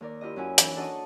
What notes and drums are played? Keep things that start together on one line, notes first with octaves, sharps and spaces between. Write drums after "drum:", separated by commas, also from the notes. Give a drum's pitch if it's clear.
D#2 A#4 D5
E4 F4 G4 D#5
F#2 C#4 E4 F#4 G#5
E3 C#4 D#4, drum: hi-hat
D4 F#4 A4 D#5 C#6 D#6